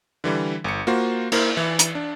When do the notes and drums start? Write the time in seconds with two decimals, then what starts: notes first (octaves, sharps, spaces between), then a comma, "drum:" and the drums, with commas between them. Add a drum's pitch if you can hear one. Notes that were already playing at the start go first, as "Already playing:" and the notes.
0.24 D3 E3 G3
0.64 G1 C#7
0.87 A#3 F4 F#4 C5
1.32 A#3 E4 A#4 C5, drum: cymbal
1.57 E3
1.79 drum: hi-hat
1.95 D4